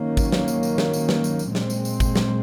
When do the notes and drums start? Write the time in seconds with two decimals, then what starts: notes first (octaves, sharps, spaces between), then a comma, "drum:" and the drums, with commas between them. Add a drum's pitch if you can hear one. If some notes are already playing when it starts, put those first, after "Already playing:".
Already playing: D#3 F#3 A#3 C#4
0.17 drum: kick G#1, tambourine
0.32 drum: snare
0.48 drum: tambourine
0.63 drum: tambourine
0.78 drum: snare
0.93 drum: tambourine
1.09 drum: snare
1.24 drum: tambourine
1.39 drum: tambourine
1.55 A#2 G#3 C4, drum: snare
1.70 drum: tambourine
1.85 drum: tambourine
2.00 drum: kick G#1, tambourine
2.16 drum: snare